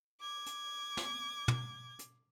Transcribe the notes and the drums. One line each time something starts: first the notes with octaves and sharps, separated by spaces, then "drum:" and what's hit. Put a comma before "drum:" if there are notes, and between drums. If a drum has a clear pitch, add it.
D6 G#6
drum: hi-hat
drum: snare
drum: tom
drum: hi-hat